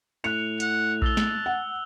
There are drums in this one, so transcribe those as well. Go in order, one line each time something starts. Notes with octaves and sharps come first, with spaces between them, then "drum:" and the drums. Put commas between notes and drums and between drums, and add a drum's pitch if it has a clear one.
A2 F#6 C#7 F7
F#5, drum: hi-hat
A5 E6 G7, drum: kick A#1
drum: snare
F#5